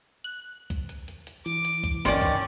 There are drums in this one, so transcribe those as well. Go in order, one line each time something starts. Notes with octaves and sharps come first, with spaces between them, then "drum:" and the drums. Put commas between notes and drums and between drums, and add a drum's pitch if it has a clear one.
F#6
drum: kick C2, hi-hat
drum: hi-hat
drum: hi-hat
drum: hi-hat
E3 D6, drum: hi-hat
drum: hi-hat
drum: kick C2, hi-hat
G#1 D#3 C#4 D5 C6 D7, drum: snare
drum: kick C2, hi-hat